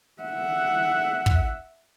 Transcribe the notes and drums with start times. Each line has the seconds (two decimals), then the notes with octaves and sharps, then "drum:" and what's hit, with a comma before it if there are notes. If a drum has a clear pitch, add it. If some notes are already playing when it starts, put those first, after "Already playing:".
0.22 E5 F#5
1.26 drum: kick